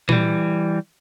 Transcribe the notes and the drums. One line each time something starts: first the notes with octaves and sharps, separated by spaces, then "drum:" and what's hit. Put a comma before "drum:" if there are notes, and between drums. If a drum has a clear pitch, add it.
E3 G3, drum: tom A#2